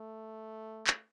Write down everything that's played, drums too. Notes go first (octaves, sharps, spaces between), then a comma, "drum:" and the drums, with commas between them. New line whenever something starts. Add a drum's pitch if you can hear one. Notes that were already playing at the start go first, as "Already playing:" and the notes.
Already playing: A3
drum: clap